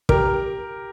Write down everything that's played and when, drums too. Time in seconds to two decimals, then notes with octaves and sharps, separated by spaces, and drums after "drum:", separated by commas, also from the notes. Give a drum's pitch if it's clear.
0.09 G4 A#4, drum: kick